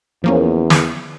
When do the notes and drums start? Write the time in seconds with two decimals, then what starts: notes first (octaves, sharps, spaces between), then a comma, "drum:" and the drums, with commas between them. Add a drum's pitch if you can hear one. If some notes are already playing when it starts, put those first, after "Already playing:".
0.24 E2 F3 A#3 C#4
0.70 drum: snare